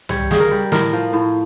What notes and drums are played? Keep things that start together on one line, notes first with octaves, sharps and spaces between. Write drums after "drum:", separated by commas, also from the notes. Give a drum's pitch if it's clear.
G3 C#5, drum: tom C2
C#3, drum: snare
A#4
G3
A2 A#4, drum: snare
F3
A2